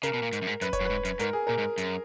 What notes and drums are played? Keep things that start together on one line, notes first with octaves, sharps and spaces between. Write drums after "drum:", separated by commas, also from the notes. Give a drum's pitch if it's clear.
C#3 A#4, drum: hi-hat
B2
A#2
G#2, drum: hi-hat
F#2
G#2
F#2 B4, drum: hi-hat
C#5, drum: kick E1, hi-hat
F#2
G#2 B4
F#2, drum: hi-hat
G#2 A#4, drum: hi-hat
G#4
A#2 A#4
G#2
F#2, drum: hi-hat